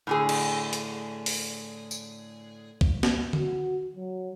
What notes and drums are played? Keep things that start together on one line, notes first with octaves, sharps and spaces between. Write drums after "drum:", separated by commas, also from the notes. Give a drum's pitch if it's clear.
A2 D3 G#4
drum: cymbal
drum: hi-hat
drum: open hi-hat
drum: tambourine
drum: kick B1
drum: snare
F#4, drum: tom
F#3